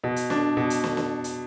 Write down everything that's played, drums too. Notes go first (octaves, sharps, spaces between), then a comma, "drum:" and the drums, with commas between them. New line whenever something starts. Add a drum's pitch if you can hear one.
B2
drum: hi-hat
D4, drum: snare
B2
drum: hi-hat
drum: snare
drum: snare
drum: hi-hat